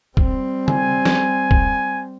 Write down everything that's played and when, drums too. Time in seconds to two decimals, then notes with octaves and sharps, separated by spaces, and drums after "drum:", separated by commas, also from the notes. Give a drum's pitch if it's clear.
0.17 G3 C4, drum: kick
0.68 G#5, drum: tom
1.05 drum: snare
1.51 drum: kick